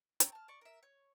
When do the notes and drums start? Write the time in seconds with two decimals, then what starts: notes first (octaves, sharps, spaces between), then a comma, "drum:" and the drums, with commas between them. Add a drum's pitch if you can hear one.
0.20 C4 A#4 C#5, drum: hi-hat
0.32 A5 F6
0.48 D5 C#6
0.61 A#4 E5
0.83 C#5